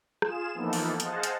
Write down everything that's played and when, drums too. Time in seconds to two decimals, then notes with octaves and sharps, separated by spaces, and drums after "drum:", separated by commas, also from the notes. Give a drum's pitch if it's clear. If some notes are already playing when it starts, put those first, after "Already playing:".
0.22 F4 G#4 E7, drum: rim click
0.55 E3 F3 A#3 B3 D#4 A4
0.73 drum: open hi-hat
1.00 G#4 C5 D#5 F5 F#5 A5, drum: hi-hat
1.23 drum: hi-hat